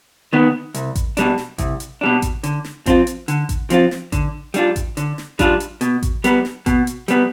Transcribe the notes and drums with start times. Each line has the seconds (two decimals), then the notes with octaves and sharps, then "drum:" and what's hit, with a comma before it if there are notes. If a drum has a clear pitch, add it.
0.33 D#3 B3
0.74 C2, drum: hi-hat
0.95 drum: kick A1, hi-hat
1.17 B2 G3 D4, drum: hi-hat
1.38 drum: snare
1.58 C2, drum: kick A1, hi-hat
1.80 drum: hi-hat
2.01 B2 G3 D4
2.22 drum: kick A1, hi-hat
2.43 D3, drum: hi-hat
2.64 drum: snare
2.86 F3 C4 F4, drum: kick A1, hi-hat
3.07 drum: hi-hat
3.28 D3, drum: hi-hat
3.49 drum: kick A1, hi-hat
3.70 F3 C4 F4, drum: hi-hat
3.91 drum: snare
4.12 D3, drum: kick A1, hi-hat
4.54 G3 D4 F4, drum: hi-hat
4.76 drum: kick A1, hi-hat
4.97 D3, drum: hi-hat
5.18 drum: snare
5.39 G3 D4 F4, drum: kick A1, hi-hat
5.60 drum: hi-hat
5.81 B2, drum: hi-hat
6.03 drum: kick A1, hi-hat
6.24 G3 B3, drum: hi-hat
6.45 drum: snare
6.66 B2, drum: kick A1, hi-hat
6.87 drum: hi-hat
7.08 G3 B3, drum: hi-hat